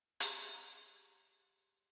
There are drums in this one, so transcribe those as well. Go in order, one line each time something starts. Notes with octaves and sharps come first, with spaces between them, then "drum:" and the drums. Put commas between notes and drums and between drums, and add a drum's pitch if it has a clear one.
G4 G#4 C#5 E5 A#5 C6, drum: hi-hat